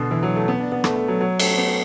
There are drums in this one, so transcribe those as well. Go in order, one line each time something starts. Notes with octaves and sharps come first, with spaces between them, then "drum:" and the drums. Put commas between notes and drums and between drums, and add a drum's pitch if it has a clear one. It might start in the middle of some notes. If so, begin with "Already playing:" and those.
Already playing: B2 D3
E3
F#3
A3
B3
D4
B3
A3, drum: rim click
A3
F#3
F#3
A3, drum: cymbal
B3